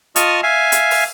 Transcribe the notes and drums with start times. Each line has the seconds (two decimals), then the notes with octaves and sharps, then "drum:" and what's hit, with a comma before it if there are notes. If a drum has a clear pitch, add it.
0.16 F4 D#5 A5 C#6 D#6 F6, drum: hi-hat
0.43 E5 F5 G#5
0.72 drum: hi-hat
0.91 drum: open hi-hat